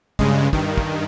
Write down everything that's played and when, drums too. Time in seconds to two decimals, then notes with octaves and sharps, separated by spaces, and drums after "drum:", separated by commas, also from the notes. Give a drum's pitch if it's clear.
0.19 G2 C#3 G#3, drum: kick
0.53 G2 D#3, drum: kick
0.77 drum: kick